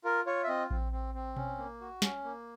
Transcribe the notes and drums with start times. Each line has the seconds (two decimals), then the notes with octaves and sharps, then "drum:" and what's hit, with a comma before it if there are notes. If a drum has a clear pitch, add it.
0.04 F4 A#4
0.26 F4 C#5
0.44 E5
0.48 C4 D#5
0.71 C4, drum: kick A#1
0.92 C4
1.14 C4
1.36 C#4, drum: tom B2
1.58 A#3
1.81 F#4
2.02 C#4, drum: snare
2.24 A#3